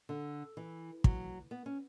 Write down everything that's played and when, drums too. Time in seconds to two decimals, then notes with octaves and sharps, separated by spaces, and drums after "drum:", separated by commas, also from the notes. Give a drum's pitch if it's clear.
0.09 D3
0.57 E3
1.04 F#3, drum: kick
1.51 B3
1.66 C#4